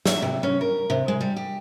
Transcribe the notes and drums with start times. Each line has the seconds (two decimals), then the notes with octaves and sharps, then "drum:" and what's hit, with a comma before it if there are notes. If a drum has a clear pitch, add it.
0.06 E5, drum: snare
0.22 C3
0.43 C#4
0.61 A#4
0.90 C3
1.08 G#3
1.21 G3
1.36 G4